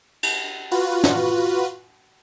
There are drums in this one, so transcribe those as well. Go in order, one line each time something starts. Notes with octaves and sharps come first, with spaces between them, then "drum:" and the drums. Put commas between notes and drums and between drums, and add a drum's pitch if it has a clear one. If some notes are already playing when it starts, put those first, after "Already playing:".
drum: cymbal
F4 F#4 B4
drum: snare